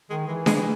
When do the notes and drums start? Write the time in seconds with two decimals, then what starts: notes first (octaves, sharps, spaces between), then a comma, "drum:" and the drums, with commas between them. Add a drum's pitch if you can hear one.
0.10 D#3 G#3
0.28 E3 G#3
0.46 G#3, drum: snare D4